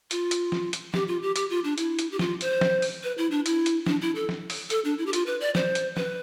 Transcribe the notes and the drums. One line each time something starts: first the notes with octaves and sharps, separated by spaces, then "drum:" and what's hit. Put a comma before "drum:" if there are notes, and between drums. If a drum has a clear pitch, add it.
F4, drum: hi-hat
drum: hi-hat
drum: snare
drum: hi-hat
G4, drum: snare
F4
G4
G4, drum: hi-hat
F4
D4
E4, drum: hi-hat
drum: hi-hat
G4
F4, drum: snare
C5, drum: hi-hat
drum: snare
drum: open hi-hat
B4
E4
D4
E4, drum: hi-hat
drum: hi-hat
D4, drum: snare
E4
A4
drum: snare
drum: open hi-hat
A4, drum: hi-hat
D4
E4
G4
F4, drum: hi-hat
B4
D5
C5, drum: snare
drum: hi-hat
B4, drum: snare